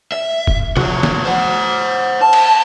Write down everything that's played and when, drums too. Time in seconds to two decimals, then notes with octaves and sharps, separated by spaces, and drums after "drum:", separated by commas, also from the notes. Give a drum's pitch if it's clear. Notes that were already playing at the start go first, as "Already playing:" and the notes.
0.12 E5
0.47 drum: kick
0.77 F3 F#4, drum: tom C3
1.03 drum: snare
1.25 C5 F#5
2.21 A5
2.33 drum: cymbal